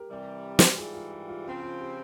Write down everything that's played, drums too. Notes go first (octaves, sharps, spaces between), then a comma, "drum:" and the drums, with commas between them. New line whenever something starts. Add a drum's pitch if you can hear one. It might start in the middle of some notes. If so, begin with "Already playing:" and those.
Already playing: G4 A#4
C3 E3 G3
drum: snare
G#2 E3 G3 F4 G#4
F4
G4
F4
C#3 F3 C4 F4
F4
G4